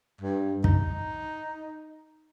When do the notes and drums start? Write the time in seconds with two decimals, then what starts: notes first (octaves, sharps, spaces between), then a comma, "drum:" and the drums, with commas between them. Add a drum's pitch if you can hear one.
0.21 G2
0.64 D#4, drum: kick